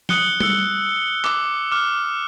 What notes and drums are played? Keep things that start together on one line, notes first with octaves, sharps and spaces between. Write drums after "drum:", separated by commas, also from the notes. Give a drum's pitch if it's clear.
D#6 F#6 C#7 G7, drum: snare F3
E6 C#7 G7, drum: tom G3
D6, drum: clap
D6 F6